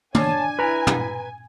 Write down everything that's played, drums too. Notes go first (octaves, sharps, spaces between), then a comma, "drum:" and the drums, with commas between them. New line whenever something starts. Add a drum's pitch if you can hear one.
D4 C#5 G#5 A5, drum: tom
E4 B4 A#5
drum: tom